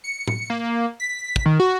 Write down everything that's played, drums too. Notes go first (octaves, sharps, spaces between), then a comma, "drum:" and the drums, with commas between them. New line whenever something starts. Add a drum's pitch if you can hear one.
C#7
drum: tom
A#3
B6
drum: kick
D#3
F#4